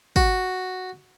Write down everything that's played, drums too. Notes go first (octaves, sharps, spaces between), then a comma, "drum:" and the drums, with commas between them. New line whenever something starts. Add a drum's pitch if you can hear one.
F#4, drum: kick